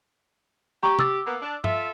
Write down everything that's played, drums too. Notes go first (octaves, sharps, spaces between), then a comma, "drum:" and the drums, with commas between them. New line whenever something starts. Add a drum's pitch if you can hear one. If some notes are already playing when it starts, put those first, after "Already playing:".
G4 A#5 C#6
D6 E6 A6, drum: tom
A#3 B3
D4
F4 A4 E5, drum: tom G2